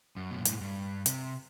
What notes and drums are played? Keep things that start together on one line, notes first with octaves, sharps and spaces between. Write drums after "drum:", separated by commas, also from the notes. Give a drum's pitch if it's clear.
F#2
B2
A#2
A2, drum: hi-hat
G#2
G2
C3, drum: hi-hat